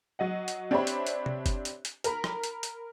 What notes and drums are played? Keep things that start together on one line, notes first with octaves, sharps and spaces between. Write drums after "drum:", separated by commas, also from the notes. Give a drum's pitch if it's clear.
F#3 D#5 F#5
drum: hi-hat
C4 D4 G4 C#5 E5 B5
drum: hi-hat
drum: hi-hat
drum: tom C3
drum: kick F#1, hi-hat
drum: hi-hat
drum: hi-hat
A#4 A#5 B5, drum: hi-hat
drum: rim click
drum: hi-hat
drum: hi-hat